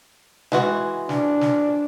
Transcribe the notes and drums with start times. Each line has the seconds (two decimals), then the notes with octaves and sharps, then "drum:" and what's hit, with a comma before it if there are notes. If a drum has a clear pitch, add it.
0.52 E3 G#3 F#4, drum: snare
1.09 D4, drum: snare
1.41 drum: snare